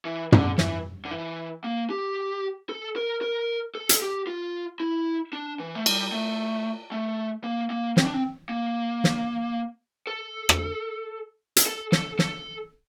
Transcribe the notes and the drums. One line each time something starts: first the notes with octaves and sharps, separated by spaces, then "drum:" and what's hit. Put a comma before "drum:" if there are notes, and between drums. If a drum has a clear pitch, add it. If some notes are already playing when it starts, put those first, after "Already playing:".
E3
D3, drum: tom
E3, drum: snare
D3
E3
A#3
G4
A4
A#4
A#4
A4
drum: hi-hat
G4
F4
E4
D4
E3
A3
G3, drum: cymbal
A3
A3
A#3
A#3
C4, drum: snare
D4
C4
A#3
drum: snare
A4
drum: rim click
drum: hi-hat
A4
A4, drum: snare
A4, drum: snare